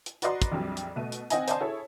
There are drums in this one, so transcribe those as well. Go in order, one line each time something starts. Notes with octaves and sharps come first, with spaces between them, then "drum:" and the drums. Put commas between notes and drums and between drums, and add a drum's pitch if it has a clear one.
drum: hi-hat
F#4 B4 D5 D#5 A#5 C6, drum: hi-hat
drum: kick, hi-hat
A#1 F2 F#3 G3
drum: hi-hat
B2 A3 D#7
drum: hi-hat
C4 D#4 D#5 F#5 G#5, drum: hi-hat
C5 D5 D#5 G#5 A5 C6, drum: hi-hat
E4 G#4 A4 C#5